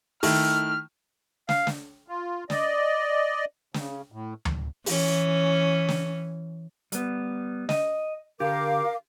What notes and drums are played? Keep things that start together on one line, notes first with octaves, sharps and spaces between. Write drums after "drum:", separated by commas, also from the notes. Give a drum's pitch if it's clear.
D#3 A3 E4 F6, drum: open hi-hat
F5, drum: snare
drum: snare
F4
D5 D#5, drum: snare
C#3, drum: snare
A2
drum: tom D2
E3 C#4, drum: open hi-hat
drum: snare
G3 B3, drum: hi-hat
D#5, drum: snare
D3 G4 A#4 F5 D6